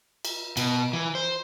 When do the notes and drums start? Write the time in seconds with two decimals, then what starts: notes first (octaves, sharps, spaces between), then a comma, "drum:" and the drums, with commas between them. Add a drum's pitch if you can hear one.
0.25 drum: cymbal
0.57 B2, drum: cymbal
0.93 E3
1.15 C5